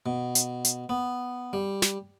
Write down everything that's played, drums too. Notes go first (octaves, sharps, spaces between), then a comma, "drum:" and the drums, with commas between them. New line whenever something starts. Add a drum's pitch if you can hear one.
B2
drum: hi-hat
drum: hi-hat
B3
G3
drum: snare